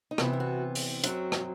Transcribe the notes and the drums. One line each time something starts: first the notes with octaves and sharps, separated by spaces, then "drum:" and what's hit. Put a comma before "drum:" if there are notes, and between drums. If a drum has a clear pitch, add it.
D#4
C3 E3 B3 E4, drum: rim click
E4
F#4
drum: open hi-hat
F#2 F#3 C4 F#4, drum: hi-hat
drum: rim click